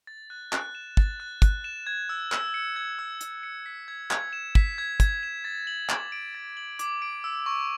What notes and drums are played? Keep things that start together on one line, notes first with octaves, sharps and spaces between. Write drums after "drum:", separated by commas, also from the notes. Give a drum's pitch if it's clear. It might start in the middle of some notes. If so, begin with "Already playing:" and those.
A6
F#6
F#6, drum: clap
E7
A6, drum: kick
F#6
F#6, drum: kick, hi-hat
E7
G#6
E6
E6, drum: clap
C#7
G#6
E6
E6, drum: hi-hat
C#7
B6
G#6
G#6, drum: clap
E7
B6, drum: kick
G#6
G#6, drum: kick, hi-hat
E7
A6
F#7
D6, drum: clap
D7
A6
F#7
D6, drum: hi-hat
D7
E6
C#6